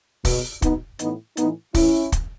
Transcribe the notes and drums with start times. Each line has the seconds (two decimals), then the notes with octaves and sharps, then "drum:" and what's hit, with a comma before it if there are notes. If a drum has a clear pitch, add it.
0.25 B2, drum: kick, open hi-hat
0.62 B2 B3 D#4, drum: kick, hi-hat
0.99 A2 E3 B3 D#4, drum: hi-hat
1.37 A2 E3 B3 D#4, drum: hi-hat
1.74 A2 E3 C#4 E4, drum: kick, open hi-hat
2.12 drum: kick, hi-hat